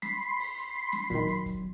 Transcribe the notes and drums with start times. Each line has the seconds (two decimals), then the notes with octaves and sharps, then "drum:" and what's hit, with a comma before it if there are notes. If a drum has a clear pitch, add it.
0.02 B5 C6, drum: snare
0.22 drum: hi-hat
0.39 drum: open hi-hat
0.57 drum: hi-hat
0.75 drum: hi-hat
0.92 drum: snare
1.10 A#2 D#3 F#3, drum: kick, hi-hat
1.28 drum: hi-hat
1.46 drum: kick, hi-hat